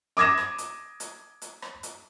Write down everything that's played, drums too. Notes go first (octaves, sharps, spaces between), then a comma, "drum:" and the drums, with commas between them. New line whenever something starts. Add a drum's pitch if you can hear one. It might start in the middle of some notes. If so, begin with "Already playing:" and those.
D6 D#6 G#6 A#6 E7
drum: rim click
drum: hi-hat
drum: hi-hat
drum: hi-hat
drum: rim click
drum: hi-hat